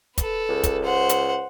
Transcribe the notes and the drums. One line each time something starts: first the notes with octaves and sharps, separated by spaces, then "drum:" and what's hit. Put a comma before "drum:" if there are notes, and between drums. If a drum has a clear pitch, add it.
A4 B4, drum: kick, hi-hat
C#2
drum: kick, hi-hat
C5 F#5
drum: hi-hat